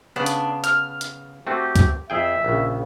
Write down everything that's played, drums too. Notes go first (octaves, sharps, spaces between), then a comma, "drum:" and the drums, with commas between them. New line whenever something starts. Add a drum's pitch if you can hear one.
C#3 B3 D4
drum: hi-hat
F6, drum: hi-hat
drum: hi-hat
A3 C4 F#4 G4
drum: kick, hi-hat
F2 G#4 E5 G5
A#1 C#3